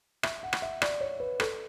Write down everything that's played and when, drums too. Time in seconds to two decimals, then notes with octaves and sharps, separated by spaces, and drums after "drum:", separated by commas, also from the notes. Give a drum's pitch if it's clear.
0.23 E5, drum: rim click
0.43 F#5
0.53 drum: rim click
0.62 E5
0.82 D5, drum: rim click
1.01 C#5
1.20 B4
1.40 A4, drum: rim click